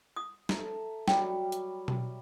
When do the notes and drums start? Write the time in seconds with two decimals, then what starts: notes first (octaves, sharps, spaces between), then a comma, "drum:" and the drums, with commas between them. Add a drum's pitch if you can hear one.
0.16 D#6
0.49 A4 E5 A#5, drum: snare
1.08 F#3 G3 G5, drum: snare
1.52 drum: hi-hat
1.88 drum: tom B2